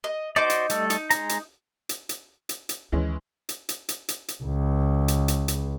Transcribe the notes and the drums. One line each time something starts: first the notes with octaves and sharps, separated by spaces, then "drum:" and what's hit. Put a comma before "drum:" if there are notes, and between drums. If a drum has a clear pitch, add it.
D#5
D#4 F#4 C5 D5 D6
drum: hi-hat
G3 A3 A4, drum: hi-hat
D#4, drum: hi-hat
G#3 A#5, drum: hi-hat
drum: hi-hat
drum: hi-hat
drum: hi-hat
drum: hi-hat
drum: hi-hat
D2 D#3 E3 G#3 C#4
drum: hi-hat
drum: hi-hat
drum: hi-hat
drum: hi-hat
drum: hi-hat
C#2
drum: hi-hat
drum: hi-hat
drum: hi-hat